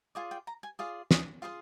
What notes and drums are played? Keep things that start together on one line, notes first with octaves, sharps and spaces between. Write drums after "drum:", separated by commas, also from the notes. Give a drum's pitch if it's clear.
F4 G#4 D5 G#5
G5
A#5
G#5
F4 G#4 D5 F5
D#5, drum: snare
F4 G#4 C5 F5